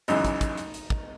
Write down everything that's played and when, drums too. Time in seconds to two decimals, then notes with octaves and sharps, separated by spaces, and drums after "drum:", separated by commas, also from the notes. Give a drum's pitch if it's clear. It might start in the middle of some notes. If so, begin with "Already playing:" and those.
0.08 G#1 F#2 C#3 E3 G#3 D#4, drum: hi-hat
0.25 drum: kick, hi-hat
0.41 drum: kick, hi-hat
0.57 drum: hi-hat
0.74 drum: hi-hat
0.90 drum: kick